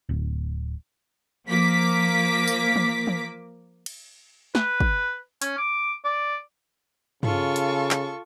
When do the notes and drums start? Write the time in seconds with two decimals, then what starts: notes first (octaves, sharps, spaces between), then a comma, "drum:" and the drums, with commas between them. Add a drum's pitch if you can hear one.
0.09 D1
1.47 F3 A#3 D6 B6
2.47 drum: tambourine
2.76 drum: tom E3
3.07 drum: tom E3
3.86 drum: cymbal
4.55 B4, drum: snare
4.80 drum: kick
5.42 C#4, drum: hi-hat
5.58 D6
6.04 D5
7.23 C#3 F4 A4 C#6, drum: tom G2
7.56 drum: hi-hat
7.91 drum: clap